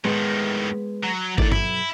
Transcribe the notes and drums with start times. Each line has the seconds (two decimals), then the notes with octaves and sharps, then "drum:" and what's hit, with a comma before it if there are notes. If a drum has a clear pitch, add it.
0.05 A2 D#3 G#3 B3
1.03 F#3
1.38 D#3 A3 E4 A4 D5, drum: kick G#1
1.52 B1 E2 E4, drum: tom